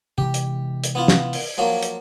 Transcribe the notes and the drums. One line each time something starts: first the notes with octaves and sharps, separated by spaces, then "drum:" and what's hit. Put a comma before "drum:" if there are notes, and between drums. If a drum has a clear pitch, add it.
C3 E3 G#3 G4
drum: hi-hat
drum: hi-hat
B3 E4 F4
drum: snare
drum: open hi-hat
F3 F#3 A#3
drum: hi-hat